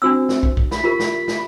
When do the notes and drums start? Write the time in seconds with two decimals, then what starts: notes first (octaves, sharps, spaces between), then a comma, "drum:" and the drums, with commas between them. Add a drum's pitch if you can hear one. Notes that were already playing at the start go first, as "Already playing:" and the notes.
0.02 C4 D4 F#4 E6
0.29 drum: snare
0.43 drum: kick
0.57 drum: kick
0.71 B5, drum: snare
0.84 F4 G4 A#4
1.00 drum: snare
1.28 drum: snare